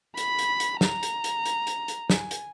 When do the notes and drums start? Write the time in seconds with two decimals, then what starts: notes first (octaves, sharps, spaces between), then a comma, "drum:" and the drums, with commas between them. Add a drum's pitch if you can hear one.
0.17 B5, drum: hi-hat
0.39 drum: hi-hat
0.60 drum: hi-hat
0.81 A#5, drum: snare
1.03 drum: hi-hat
1.24 drum: hi-hat
1.45 drum: hi-hat
1.67 drum: hi-hat
1.88 drum: hi-hat
2.10 G#5, drum: snare
2.31 drum: hi-hat